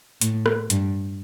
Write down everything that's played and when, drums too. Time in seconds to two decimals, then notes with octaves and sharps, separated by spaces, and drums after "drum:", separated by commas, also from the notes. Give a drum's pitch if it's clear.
0.21 A2, drum: hi-hat
0.46 drum: rim click
0.70 G2, drum: hi-hat